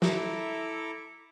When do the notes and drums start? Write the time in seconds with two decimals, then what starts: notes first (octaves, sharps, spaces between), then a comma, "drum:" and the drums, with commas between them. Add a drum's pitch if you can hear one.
0.02 E4 A4 E5 A#5 D6, drum: snare